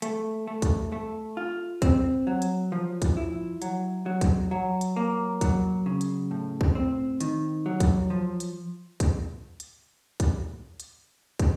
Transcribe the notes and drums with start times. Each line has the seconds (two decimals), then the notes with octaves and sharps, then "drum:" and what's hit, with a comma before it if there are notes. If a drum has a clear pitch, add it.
0.02 A3, drum: hi-hat
0.47 A3
0.62 drum: kick, hi-hat
0.92 A3
1.37 F4
1.82 C4, drum: kick, hi-hat
2.27 F#3
2.42 drum: hi-hat
2.72 F3
3.02 drum: kick, hi-hat
3.17 E4
3.62 F#3, drum: hi-hat
4.06 F#3
4.21 drum: kick, hi-hat
4.51 F#3
4.81 drum: hi-hat
4.96 A#3
5.41 F#3, drum: kick, hi-hat
5.86 C#3
6.01 drum: hi-hat
6.31 A2
6.61 drum: kick
6.75 C4
7.20 D#3, drum: hi-hat
7.66 F#3
7.80 drum: kick, hi-hat
8.10 F3
8.40 drum: hi-hat
9.00 drum: kick, hi-hat
9.60 drum: hi-hat
10.20 drum: kick, hi-hat
10.80 drum: hi-hat
11.39 drum: kick, hi-hat